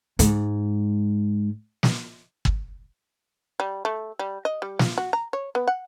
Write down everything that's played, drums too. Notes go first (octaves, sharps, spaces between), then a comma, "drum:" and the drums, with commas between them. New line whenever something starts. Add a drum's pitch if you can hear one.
G#2 G#3, drum: hi-hat
drum: snare
drum: kick
G3
A3
G3
D#5
G3
F4, drum: snare
F#4
A#5
C#5
B3
F#5